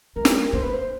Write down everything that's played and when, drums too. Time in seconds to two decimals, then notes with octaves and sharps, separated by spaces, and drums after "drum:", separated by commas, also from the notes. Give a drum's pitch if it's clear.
0.16 G#3 A#4
0.25 drum: snare
0.53 A#3 C5
0.63 B4
0.74 C5